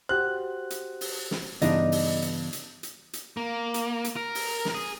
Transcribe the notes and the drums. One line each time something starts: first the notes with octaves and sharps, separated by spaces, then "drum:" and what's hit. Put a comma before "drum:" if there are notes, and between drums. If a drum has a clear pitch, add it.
F#4 G4 C5 F#6
drum: hi-hat
drum: open hi-hat
drum: snare
G2 C#3 E3 B3 D4 D#4 D#5, drum: hi-hat
drum: open hi-hat
drum: hi-hat
drum: hi-hat
drum: hi-hat
drum: hi-hat
A#3
drum: hi-hat
drum: hi-hat
A#4
drum: open hi-hat
drum: snare
G#4